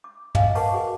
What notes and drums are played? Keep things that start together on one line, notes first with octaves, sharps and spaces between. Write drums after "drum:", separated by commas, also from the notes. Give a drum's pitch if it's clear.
D6
D#5 F5 G#5, drum: tom
A#4 B4 F#5 A5 C#6 D6, drum: open hi-hat
F#4 G#4 F#5